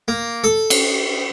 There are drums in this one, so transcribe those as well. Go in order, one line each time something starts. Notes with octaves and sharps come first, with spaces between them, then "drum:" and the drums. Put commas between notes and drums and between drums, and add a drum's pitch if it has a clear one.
A#3
A4
drum: cymbal